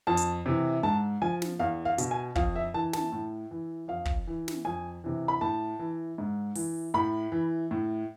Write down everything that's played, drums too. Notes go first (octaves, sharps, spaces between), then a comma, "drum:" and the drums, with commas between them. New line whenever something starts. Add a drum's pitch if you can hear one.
F2 A5
drum: hi-hat
C3 E3
G#2 A5
F3 G#5
drum: snare
E2 F5
F5
B2, drum: hi-hat
G#5
F2 F5, drum: kick
E5
E3 A5
A5, drum: snare
A2
E3
F2 F5
drum: kick
E3
drum: snare
F2 G#5
C3 E3
B5
A2 A5
E3
G#2
E3, drum: open hi-hat
A2 B5
E3
A2